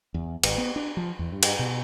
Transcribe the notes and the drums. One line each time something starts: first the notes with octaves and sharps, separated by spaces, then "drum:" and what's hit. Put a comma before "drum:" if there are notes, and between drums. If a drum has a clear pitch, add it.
E2
G#1, drum: cymbal
B3
D4
F3
E2
G2
drum: cymbal
B2